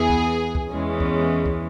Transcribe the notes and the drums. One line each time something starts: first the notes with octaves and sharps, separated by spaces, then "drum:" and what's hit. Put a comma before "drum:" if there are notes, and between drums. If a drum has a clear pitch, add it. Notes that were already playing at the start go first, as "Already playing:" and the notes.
Already playing: E2 E3 B3 G#4
drum: kick
drum: kick
E2 E3 G#3 C#4
drum: kick
drum: kick